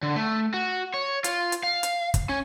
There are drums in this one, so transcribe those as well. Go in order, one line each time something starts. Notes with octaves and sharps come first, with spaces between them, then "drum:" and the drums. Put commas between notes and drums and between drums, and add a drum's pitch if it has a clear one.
D3
A3
F#4
C#5
F4, drum: hi-hat
drum: hi-hat
F5
drum: hi-hat
drum: kick, hi-hat
C#4